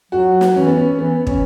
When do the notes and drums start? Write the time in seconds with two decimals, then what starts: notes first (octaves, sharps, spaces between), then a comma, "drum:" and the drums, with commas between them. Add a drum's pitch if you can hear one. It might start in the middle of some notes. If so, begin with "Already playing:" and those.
0.12 F#3 F#4
0.41 drum: snare
0.55 E3 C#4
0.67 B3
0.77 C#4
0.99 E3 B3
1.27 E3 C#4, drum: kick